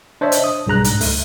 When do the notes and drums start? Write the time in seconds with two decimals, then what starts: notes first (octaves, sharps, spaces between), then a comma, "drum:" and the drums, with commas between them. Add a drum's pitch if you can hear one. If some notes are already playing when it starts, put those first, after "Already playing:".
0.21 D4 C5 C#5 D#5 E5
0.32 drum: hi-hat
0.44 D#6
0.66 B1 G2 G#4 A#5 F#6
0.84 G#2, drum: hi-hat
1.01 C#2 A3, drum: open hi-hat